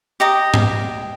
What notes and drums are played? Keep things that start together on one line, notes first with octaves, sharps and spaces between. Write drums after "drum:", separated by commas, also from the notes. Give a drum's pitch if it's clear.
G4 D#5 A#5
drum: tom G#2